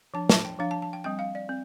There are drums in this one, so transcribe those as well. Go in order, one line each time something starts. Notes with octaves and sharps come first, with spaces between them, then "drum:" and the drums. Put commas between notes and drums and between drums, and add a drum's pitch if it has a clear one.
F3 D4 A5
A5, drum: snare
G5
F3 D4 F5
A5
A5
G5
G3 C4 G5
F5
D5
C4